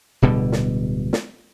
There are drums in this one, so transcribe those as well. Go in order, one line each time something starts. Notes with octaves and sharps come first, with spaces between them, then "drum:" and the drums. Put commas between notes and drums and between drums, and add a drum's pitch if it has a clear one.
D1 B2 D3 G3
drum: snare
drum: snare